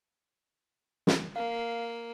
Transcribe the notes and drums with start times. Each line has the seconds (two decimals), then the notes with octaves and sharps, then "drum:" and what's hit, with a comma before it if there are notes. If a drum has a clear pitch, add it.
1.07 drum: snare
1.36 A#3 F5